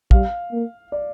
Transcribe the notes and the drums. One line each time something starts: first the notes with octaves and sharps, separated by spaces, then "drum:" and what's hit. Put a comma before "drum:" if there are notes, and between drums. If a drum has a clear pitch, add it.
G3 F5, drum: kick
A#3
D5